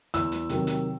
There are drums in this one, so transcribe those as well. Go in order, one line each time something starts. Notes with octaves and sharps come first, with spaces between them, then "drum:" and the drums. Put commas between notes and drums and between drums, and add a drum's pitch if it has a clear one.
E2 E6, drum: hi-hat
drum: hi-hat
C3 D#3 F#3, drum: hi-hat
drum: hi-hat